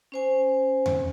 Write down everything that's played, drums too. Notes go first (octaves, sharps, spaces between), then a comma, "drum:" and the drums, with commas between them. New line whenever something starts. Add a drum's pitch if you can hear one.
C#4 C5 G#5
drum: tom E2